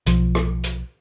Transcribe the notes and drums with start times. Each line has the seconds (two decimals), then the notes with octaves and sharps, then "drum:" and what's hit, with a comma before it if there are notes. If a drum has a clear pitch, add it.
0.06 B1 F3, drum: hi-hat
0.35 drum: rim click
0.64 drum: hi-hat